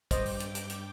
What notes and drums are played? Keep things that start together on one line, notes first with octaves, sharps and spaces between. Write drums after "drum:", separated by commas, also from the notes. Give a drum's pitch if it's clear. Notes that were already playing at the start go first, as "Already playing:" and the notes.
G2 C5 D#5 G5 D6, drum: kick, hi-hat
drum: open hi-hat
drum: hi-hat
drum: hi-hat
drum: hi-hat